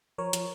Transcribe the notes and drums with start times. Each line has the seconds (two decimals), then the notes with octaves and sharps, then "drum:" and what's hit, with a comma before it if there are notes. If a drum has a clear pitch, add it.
0.18 F3 A#4 C#5
0.33 F3, drum: hi-hat